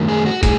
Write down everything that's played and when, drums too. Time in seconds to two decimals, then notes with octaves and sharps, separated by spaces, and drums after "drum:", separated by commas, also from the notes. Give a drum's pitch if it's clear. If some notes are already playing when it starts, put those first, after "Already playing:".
Already playing: F#2 D#3 F#3 A3
0.09 G#4
0.26 F#4
0.43 A2 G#4, drum: kick, hi-hat